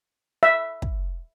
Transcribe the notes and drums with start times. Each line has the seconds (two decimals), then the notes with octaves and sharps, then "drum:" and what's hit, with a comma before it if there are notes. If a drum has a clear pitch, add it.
0.43 E5
0.82 drum: kick